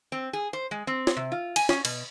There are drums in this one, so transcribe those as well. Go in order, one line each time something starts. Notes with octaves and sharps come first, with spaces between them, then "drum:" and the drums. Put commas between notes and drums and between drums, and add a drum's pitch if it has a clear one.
C4
G#4
C5
G#3
C4
drum: snare
C3
F4
G#5, drum: cymbal
C#4, drum: snare
B2, drum: cymbal